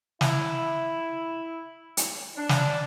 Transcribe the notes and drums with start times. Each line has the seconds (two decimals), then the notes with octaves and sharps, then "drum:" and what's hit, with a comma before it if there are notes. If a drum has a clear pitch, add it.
0.21 E4, drum: snare
1.97 drum: hi-hat
2.35 D4
2.49 drum: snare